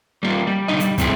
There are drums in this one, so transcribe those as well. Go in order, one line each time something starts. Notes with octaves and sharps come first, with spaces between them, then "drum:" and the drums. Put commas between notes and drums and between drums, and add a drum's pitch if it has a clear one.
G3 A#3 F4
G3
B2 D3 D#4 D#5
G3, drum: hi-hat
B2 G3 A3 C4 E4 G#4, drum: kick, hi-hat